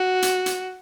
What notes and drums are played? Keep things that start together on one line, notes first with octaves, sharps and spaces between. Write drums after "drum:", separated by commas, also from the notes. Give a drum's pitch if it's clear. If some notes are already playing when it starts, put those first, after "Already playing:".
Already playing: F#4
drum: hi-hat
drum: hi-hat